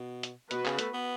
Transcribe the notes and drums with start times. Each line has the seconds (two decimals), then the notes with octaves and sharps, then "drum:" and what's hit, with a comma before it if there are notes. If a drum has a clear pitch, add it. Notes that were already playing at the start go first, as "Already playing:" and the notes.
Already playing: B2
0.23 drum: hi-hat
0.51 B2 B3 F#4 B4, drum: hi-hat
0.66 C#3, drum: clap
0.79 A3, drum: hi-hat
0.93 B3